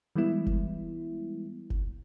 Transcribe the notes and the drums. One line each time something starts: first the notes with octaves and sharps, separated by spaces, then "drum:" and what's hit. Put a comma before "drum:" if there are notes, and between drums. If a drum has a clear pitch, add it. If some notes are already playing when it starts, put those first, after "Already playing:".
E3 G3 G#3 B3 E4
drum: kick F#1
drum: kick F#1